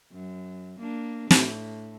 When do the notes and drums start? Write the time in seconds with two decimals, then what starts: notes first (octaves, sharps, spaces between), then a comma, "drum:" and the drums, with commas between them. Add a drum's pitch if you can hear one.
0.12 F#2
0.80 A#3 D4
1.31 A2, drum: snare